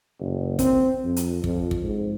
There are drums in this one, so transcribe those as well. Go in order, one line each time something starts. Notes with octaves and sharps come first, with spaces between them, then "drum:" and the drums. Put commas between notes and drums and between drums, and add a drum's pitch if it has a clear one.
F#1
C4, drum: kick, hi-hat
F2
drum: hi-hat
F2, drum: kick
drum: kick
G#2